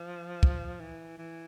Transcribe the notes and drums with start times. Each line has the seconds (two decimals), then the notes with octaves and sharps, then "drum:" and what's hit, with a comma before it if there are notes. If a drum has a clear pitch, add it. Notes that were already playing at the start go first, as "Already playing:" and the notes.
Already playing: F3
0.43 drum: kick
0.80 E3
1.18 E3